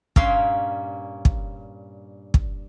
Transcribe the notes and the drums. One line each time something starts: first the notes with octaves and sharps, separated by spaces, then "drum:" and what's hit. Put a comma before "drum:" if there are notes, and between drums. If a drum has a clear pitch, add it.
G2 A#2 A#3 C#4 F5 C6, drum: kick
drum: kick
drum: kick